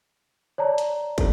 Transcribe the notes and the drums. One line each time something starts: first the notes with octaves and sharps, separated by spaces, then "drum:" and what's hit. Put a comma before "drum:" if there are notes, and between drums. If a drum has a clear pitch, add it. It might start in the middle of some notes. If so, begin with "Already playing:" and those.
C#5 D5 A5 A#5
drum: hi-hat
drum: kick, hi-hat